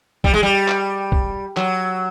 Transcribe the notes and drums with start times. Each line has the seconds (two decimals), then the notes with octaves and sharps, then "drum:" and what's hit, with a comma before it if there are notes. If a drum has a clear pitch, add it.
0.24 G3, drum: kick
0.34 G#3
0.43 G3
0.68 drum: clap
1.12 drum: kick
1.57 F#3, drum: clap